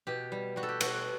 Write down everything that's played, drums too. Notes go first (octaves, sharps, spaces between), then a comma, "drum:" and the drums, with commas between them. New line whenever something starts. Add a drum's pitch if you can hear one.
B2 G4
G3
G3 F#4
A4
G4
B2 F#4, drum: cymbal